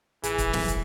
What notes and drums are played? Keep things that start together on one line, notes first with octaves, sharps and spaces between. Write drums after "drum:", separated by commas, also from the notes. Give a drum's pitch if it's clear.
A1 E3 G#4 G#5 B5, drum: hi-hat
drum: kick, hi-hat
drum: snare
drum: kick, hi-hat